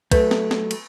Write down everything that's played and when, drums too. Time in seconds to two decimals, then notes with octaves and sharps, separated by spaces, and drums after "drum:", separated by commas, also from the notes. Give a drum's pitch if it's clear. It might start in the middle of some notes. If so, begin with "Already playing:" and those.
0.12 F#3 A3 B4, drum: kick, cymbal
0.31 drum: snare
0.51 drum: snare
0.71 drum: cymbal